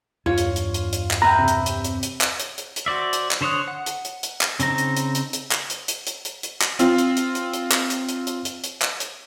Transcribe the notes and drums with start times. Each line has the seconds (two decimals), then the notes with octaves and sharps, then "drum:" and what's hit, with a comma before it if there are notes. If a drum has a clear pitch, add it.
0.26 E2 G2 F4 C#5
0.37 drum: hi-hat
0.56 drum: hi-hat
0.74 drum: hi-hat
0.92 drum: hi-hat
1.11 drum: clap
1.22 B4 E5 G5 A#5
1.38 C3
1.48 drum: hi-hat
1.66 drum: hi-hat
1.84 drum: hi-hat
2.03 drum: hi-hat
2.21 drum: clap
2.39 drum: hi-hat
2.58 drum: hi-hat
2.76 drum: hi-hat
2.86 F#4 C5 D5 E5
3.13 drum: hi-hat
3.31 drum: clap
3.41 D3 C5 C#5 D#6 F#6
3.68 F#5
3.86 drum: hi-hat
4.04 drum: hi-hat
4.23 drum: hi-hat
4.41 drum: clap
4.60 C#3 C4 D#4 A#5, drum: hi-hat
4.78 drum: hi-hat
4.96 drum: hi-hat
5.15 drum: hi-hat
5.33 drum: hi-hat
5.51 drum: clap
5.70 drum: hi-hat
5.88 drum: hi-hat
6.06 drum: hi-hat
6.25 drum: hi-hat
6.43 drum: hi-hat
6.61 drum: clap
6.79 C4 F4, drum: hi-hat
6.98 drum: hi-hat
7.17 drum: hi-hat
7.35 drum: hi-hat
7.53 drum: hi-hat
7.72 drum: clap
7.90 drum: hi-hat
8.08 drum: hi-hat
8.27 drum: hi-hat
8.45 drum: hi-hat
8.63 drum: hi-hat
8.82 drum: clap
9.00 drum: hi-hat